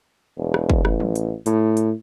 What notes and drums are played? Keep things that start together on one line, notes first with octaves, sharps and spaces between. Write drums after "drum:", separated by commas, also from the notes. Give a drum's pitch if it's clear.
E1
drum: rim click
drum: kick
A1, drum: rim click
drum: tom F3
drum: hi-hat
A2, drum: hi-hat
drum: hi-hat